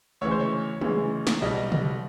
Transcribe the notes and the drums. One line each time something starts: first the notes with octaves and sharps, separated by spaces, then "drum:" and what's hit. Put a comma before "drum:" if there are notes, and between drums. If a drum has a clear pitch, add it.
D2 C#3 E3 G#3 C#5
C5
C#5
D2 C#3 E3 G#3, drum: tom
drum: snare
B1 B2 G3 D#5
drum: tom